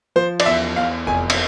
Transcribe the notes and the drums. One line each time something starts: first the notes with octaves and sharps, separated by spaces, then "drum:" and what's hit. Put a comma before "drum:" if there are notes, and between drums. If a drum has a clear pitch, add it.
F3 C5
D5, drum: cymbal
E2 E5
E2 F5
F1 G#5
drum: cymbal